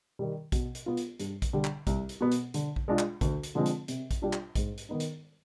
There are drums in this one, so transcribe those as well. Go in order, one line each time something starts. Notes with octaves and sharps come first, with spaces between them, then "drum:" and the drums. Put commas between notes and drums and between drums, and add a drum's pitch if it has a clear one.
D#3 G3
B2, drum: kick A#1, hi-hat
drum: hi-hat
B3 F4
drum: hi-hat
G2, drum: hi-hat
drum: kick A#1, hi-hat
D3 G3
drum: clap
C2, drum: kick A#1, hi-hat
drum: hi-hat
B2 B3
drum: hi-hat
D3, drum: hi-hat
drum: kick A#1
G#3 D4 F4
drum: clap
D2, drum: kick A#1, hi-hat
drum: hi-hat
D3 F3 G#3 C4
drum: hi-hat
C3, drum: hi-hat
drum: kick A#1, hi-hat
G3 D4 F4
drum: clap
G#2, drum: kick A#1, hi-hat
drum: hi-hat
D#3 B3 D#4
drum: hi-hat